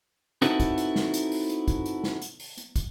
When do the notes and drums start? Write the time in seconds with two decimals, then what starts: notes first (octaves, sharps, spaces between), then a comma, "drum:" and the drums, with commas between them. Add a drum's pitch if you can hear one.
0.42 C4 D#4 E4 F#4 A4 B4, drum: hi-hat
0.60 drum: kick, hi-hat
0.78 drum: hi-hat
0.96 drum: snare
1.14 drum: hi-hat
1.32 drum: open hi-hat
1.50 drum: hi-hat
1.68 drum: kick, hi-hat
1.86 drum: hi-hat
2.04 drum: snare
2.22 drum: hi-hat
2.40 drum: open hi-hat
2.58 drum: hi-hat
2.76 drum: kick, hi-hat